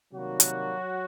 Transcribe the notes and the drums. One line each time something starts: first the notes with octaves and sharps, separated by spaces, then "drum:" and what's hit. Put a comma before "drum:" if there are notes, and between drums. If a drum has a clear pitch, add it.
C3 D#3 F#3 G3 A#3 F#4
drum: hi-hat